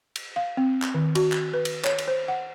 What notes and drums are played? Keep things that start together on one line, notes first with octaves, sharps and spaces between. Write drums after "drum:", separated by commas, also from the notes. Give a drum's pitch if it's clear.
drum: cymbal
F5
C4
drum: clap
D#3
F#4, drum: cymbal
drum: clap
B4
drum: cymbal
C#5, drum: clap
drum: cymbal
C5
F#5